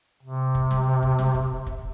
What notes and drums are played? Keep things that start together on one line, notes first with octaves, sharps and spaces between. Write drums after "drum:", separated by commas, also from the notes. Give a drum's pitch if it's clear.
C3
drum: kick
drum: snare
drum: kick
drum: snare
drum: kick
drum: kick